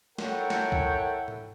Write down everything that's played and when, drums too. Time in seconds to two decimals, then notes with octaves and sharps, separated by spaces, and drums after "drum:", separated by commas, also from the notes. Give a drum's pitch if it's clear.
0.18 E4 A4 A#4 C#5 F#5 G5, drum: snare
0.50 drum: snare
0.72 drum: kick
1.28 drum: tom G#2